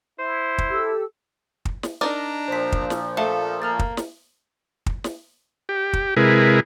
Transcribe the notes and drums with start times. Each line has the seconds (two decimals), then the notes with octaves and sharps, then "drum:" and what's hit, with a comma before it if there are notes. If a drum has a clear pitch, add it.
0.19 E4 C5
0.58 drum: kick
0.70 G4 A4 E6
1.65 drum: kick
1.83 drum: snare
2.01 D4 D#4 A#4 D5 A#5
2.48 A#2 F3 C5 B6
2.72 drum: kick
2.90 drum: snare
3.17 A3 A4 F5 A5
3.62 A#3 A#5 F6 A6
3.79 drum: kick
3.97 drum: snare
4.86 drum: kick
5.04 drum: snare
5.69 G4
5.93 drum: kick
6.17 C3 G#3 E4 G#4 A#4 B4